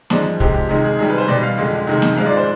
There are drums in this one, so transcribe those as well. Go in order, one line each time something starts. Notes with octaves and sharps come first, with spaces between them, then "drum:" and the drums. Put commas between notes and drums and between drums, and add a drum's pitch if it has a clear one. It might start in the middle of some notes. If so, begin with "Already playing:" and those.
G#2 F3 G#3 D5, drum: snare
C3 F3 G#3 G4, drum: kick
G4
C3 D#3 G#3
G#4
C3 D#3 G3 G#4
B4
C5
B2 G3 D5
F5
F2 D3 G#3
C3 D#3 G#3
drum: snare
G#2 F3 G#3 F5
D5
C5